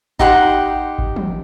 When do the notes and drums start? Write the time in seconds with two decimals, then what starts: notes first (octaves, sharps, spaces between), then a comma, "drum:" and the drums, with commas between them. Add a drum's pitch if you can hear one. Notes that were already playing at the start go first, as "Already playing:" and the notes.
0.19 D#4 G4 F#5 C6, drum: kick G#1
0.98 drum: kick G#1
1.16 drum: tom